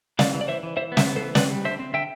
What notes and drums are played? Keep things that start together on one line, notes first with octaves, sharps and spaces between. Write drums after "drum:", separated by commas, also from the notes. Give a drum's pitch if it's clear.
E3 D5 F5, drum: snare
E3
D5
E3 C5 E5
E3
E3 C5 E5
B3
C5 E5, drum: snare
B3
A4 C5
E3
C4 B4 D5, drum: snare
G3
D3 C5 E5
C4
D3 E5 G5